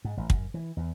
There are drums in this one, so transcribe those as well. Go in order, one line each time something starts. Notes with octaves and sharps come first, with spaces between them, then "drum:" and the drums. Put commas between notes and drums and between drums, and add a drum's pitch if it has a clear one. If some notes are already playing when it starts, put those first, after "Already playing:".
G#2
A1
F#2, drum: kick
E3
E2